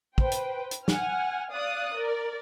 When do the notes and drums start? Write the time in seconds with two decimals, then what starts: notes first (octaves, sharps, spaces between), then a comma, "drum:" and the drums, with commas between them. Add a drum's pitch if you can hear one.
0.18 B4 C5 G5, drum: kick
0.32 drum: hi-hat
0.71 drum: hi-hat
0.88 F#5 G#5 F6, drum: snare
1.52 D5 F5 D#6 F#6
1.95 A#4 D5